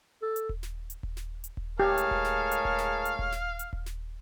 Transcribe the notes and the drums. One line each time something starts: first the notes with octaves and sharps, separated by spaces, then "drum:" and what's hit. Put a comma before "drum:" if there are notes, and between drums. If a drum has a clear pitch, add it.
A4
drum: hi-hat
drum: kick D#1
drum: snare
drum: hi-hat
drum: kick D#1
drum: snare
drum: hi-hat
drum: kick D#1
A2 G#3 G4 G#4 A#4 C#5 F5 A5
drum: hi-hat
drum: kick D#1
drum: snare
drum: hi-hat
drum: kick D#1
drum: snare
drum: hi-hat
drum: kick D#1
drum: snare
drum: hi-hat
drum: kick D#1
drum: snare